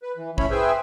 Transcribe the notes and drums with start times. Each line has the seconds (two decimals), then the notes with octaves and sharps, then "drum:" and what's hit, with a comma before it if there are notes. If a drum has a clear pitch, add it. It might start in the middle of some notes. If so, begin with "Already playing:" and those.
0.03 B4
0.17 E3
0.38 A3 C#4 E4 C#5 B5, drum: kick
0.51 G#4 B4 C5 E5 G5 G#5